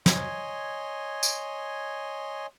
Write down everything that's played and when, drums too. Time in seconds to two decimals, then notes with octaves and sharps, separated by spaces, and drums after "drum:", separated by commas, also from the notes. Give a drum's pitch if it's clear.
0.06 C#5 D#5 G#5 C6, drum: snare
1.23 drum: tambourine